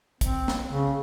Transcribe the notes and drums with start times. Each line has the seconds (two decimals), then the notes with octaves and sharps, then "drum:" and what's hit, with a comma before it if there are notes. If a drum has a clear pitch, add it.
0.21 C4, drum: kick, hi-hat
0.48 drum: snare
0.70 C#3